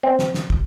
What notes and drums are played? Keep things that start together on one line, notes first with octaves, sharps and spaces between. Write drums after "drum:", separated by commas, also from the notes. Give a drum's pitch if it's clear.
C4
drum: snare
drum: snare
drum: kick